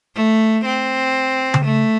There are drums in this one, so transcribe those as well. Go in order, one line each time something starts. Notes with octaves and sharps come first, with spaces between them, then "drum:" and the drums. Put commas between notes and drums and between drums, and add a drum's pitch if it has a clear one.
A3
C4
drum: tom C#3
A3